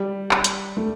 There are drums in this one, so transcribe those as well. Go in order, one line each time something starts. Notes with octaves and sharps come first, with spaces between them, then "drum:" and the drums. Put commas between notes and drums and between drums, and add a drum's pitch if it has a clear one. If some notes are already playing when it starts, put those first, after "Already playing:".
Already playing: G3
drum: clap
drum: hi-hat
A3